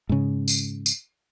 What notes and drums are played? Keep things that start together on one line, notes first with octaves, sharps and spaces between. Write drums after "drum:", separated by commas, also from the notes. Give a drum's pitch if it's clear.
G#2 C#3
drum: tambourine
drum: tambourine